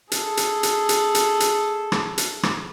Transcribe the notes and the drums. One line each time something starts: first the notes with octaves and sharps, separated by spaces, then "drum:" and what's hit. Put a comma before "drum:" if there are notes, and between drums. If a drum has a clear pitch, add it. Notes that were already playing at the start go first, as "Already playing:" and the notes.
G#4 A4, drum: hi-hat
drum: hi-hat
drum: hi-hat
drum: hi-hat
drum: hi-hat
drum: hi-hat
drum: rim click
drum: hi-hat
drum: rim click